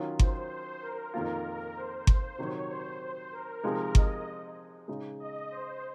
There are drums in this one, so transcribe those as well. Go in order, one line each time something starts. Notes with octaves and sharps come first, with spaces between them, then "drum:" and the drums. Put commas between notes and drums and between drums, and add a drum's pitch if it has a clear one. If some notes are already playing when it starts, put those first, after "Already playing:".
Already playing: D#3 F#3 C#4 F4
C5, drum: kick G1
A#4
F2 D#3 A#3 F4 A#4
A#4
C5
drum: kick G1
C3 D#3 F#3 C#5
C5
C5
A#4
C3 F3 G#3 D#4
D#5, drum: kick G1
C#3 G#3 D#4
D#5
C5